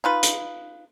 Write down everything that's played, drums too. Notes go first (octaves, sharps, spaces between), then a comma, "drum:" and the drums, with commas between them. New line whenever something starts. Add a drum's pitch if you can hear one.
D#4 F4 B4
drum: hi-hat